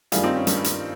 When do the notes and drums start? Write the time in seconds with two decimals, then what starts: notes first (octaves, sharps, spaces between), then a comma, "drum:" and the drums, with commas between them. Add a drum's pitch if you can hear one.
0.12 G2 D#3 G3 F4 G#4, drum: hi-hat
0.23 C4 D#4
0.35 C#4
0.47 G2 D#3 G3, drum: hi-hat
0.64 drum: hi-hat